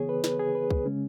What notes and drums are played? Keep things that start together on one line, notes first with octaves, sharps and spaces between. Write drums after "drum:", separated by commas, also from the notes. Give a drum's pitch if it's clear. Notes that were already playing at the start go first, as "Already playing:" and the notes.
Already playing: C#3 E3 B3 G#4 C#5
B4
B4, drum: snare
G#4
B4
drum: kick C2
C#3 G#3 C#4